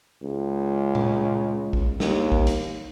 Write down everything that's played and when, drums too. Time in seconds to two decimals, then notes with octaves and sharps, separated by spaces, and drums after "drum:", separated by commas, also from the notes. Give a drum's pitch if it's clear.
0.23 C#2
0.95 drum: tom A#2
1.73 drum: kick A#1
2.00 D#2, drum: snare
2.32 drum: kick A#1
2.47 drum: hi-hat